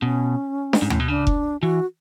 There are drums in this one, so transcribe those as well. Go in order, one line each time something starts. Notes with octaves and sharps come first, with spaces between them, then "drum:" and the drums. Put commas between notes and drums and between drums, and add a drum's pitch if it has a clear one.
B2 C#4
drum: snare D4
G#2
A2, drum: tom D2
B2
C#3 D4
drum: kick F1
E3 F#4